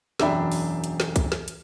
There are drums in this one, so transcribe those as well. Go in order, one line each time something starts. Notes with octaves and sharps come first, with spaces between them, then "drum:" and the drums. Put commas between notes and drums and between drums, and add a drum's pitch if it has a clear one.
E1 F#2 D4 E5 G5 B5, drum: snare
drum: open hi-hat
drum: hi-hat
drum: snare
drum: kick, hi-hat
drum: snare
drum: hi-hat